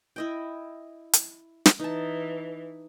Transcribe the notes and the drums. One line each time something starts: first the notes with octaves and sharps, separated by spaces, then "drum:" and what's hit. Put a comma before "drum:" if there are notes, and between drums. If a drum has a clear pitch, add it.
E4 D#5 G5
drum: hi-hat
drum: snare
E3 D#4 A5